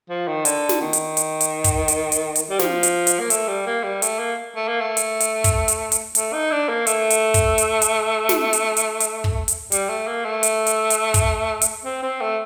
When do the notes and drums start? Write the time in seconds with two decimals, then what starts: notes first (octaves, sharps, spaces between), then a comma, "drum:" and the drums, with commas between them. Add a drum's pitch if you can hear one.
0.10 F3
0.27 D#3
0.45 D3, drum: hi-hat
0.69 drum: snare
0.81 D#3
0.93 drum: hi-hat
1.17 drum: hi-hat
1.41 drum: hi-hat
1.64 drum: kick, hi-hat
1.88 drum: hi-hat
2.12 drum: hi-hat
2.36 drum: hi-hat
2.50 G3
2.59 F3, drum: snare
2.83 drum: hi-hat
3.07 drum: hi-hat
3.20 A#3
3.30 A3, drum: hi-hat
3.48 G3
3.67 A#3
3.84 G3
4.02 A3, drum: hi-hat
4.19 A#3
4.56 A3
4.68 A#3
4.81 A3
4.97 drum: hi-hat
5.20 drum: hi-hat
5.44 drum: kick, hi-hat
5.68 drum: hi-hat
5.92 drum: hi-hat
6.15 A3, drum: hi-hat
6.33 D#4
6.52 D4
6.69 A#3
6.87 A3, drum: hi-hat
7.10 drum: hi-hat
7.34 drum: kick, hi-hat
7.58 drum: hi-hat
7.82 drum: hi-hat
8.29 drum: snare
8.53 drum: hi-hat
8.77 drum: hi-hat
9.00 drum: hi-hat
9.24 drum: kick
9.48 drum: hi-hat
9.72 G3, drum: hi-hat
9.89 A3
10.07 A#3
10.25 A3
10.43 drum: hi-hat
10.67 drum: hi-hat
10.90 drum: hi-hat
11.14 drum: kick, hi-hat
11.62 drum: hi-hat
11.85 C4
12.03 C4
12.21 A3